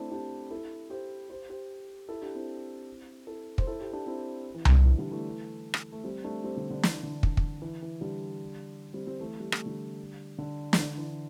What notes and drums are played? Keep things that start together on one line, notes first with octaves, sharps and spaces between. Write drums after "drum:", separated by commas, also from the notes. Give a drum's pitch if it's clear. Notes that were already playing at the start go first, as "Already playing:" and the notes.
Already playing: A3 C4 D4 E4
D4 G4
E4 A4
G4 C5
G4 C5
G4 C5
E4 A4
D4 G4
C4 E4
E4 A4
C5, drum: kick
E4 A4
G4 C5
D4 G4
C4 E4
E3
D3, drum: tom C2
E3
D3 G3
E3 A3
drum: rim click
A3
G3 C4
A3 D4
G3 C4
D3 G3
D3
E3, drum: snare
D3
D3, drum: kick
drum: kick
E3
E3
D3 G3
G3 C4
G3 C4
E3 A3
G3
A3, drum: rim click
D3 G3
D3
E3, drum: snare
D3
E3